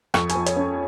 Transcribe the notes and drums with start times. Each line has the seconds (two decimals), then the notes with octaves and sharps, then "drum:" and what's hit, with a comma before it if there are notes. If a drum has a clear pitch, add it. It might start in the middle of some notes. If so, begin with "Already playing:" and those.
0.14 F2 C#6, drum: rim click
0.29 G#5, drum: hi-hat
0.35 F3
0.46 C#5, drum: hi-hat
0.56 C#4